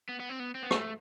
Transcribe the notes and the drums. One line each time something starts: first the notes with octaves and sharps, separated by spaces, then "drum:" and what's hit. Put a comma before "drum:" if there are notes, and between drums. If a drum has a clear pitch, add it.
B3
B3
C4
B3
C4
B3
A3, drum: rim click